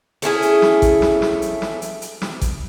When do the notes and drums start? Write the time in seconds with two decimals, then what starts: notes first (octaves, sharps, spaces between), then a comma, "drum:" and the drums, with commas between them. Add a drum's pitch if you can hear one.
0.22 A3 C#4 E4 G#4, drum: hi-hat
0.42 drum: hi-hat
0.62 drum: snare
0.82 drum: kick, hi-hat
1.02 drum: snare
1.22 drum: snare
1.42 drum: hi-hat
1.62 drum: snare
1.82 drum: hi-hat
2.02 drum: hi-hat
2.22 drum: snare
2.42 drum: kick, hi-hat